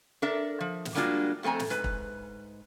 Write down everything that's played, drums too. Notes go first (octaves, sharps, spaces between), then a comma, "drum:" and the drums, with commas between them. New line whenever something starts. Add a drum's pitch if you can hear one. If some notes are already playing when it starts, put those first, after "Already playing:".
D4 A4 A#4 E5
F3
drum: snare
G3 G#3 A#3 D4 F4 F#4
F2 A3 C4 G#5 A#5
drum: snare
G#2 B4
drum: kick